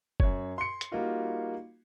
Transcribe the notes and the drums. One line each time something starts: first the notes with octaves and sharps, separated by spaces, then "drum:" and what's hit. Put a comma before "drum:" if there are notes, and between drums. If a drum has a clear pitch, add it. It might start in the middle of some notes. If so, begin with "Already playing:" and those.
F#2 C#5, drum: kick
C6 C#7
drum: hi-hat
G3 A#3 D#4 F4 F#4